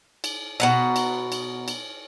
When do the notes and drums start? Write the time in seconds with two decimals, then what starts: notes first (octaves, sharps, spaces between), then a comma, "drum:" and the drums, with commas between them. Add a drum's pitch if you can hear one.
0.24 drum: cymbal
0.60 B2 F#5 A#5, drum: cymbal
0.96 drum: cymbal
1.32 drum: cymbal
1.68 drum: cymbal